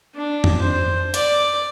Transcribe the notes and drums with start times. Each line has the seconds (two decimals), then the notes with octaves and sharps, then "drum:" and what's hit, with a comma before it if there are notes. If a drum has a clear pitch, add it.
0.15 D4
0.44 drum: tom F2
0.61 C5
1.14 D5, drum: hi-hat